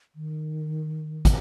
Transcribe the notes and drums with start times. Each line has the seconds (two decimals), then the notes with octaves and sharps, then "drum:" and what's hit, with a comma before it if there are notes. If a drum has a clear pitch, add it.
0.15 D#3
1.25 drum: kick, hi-hat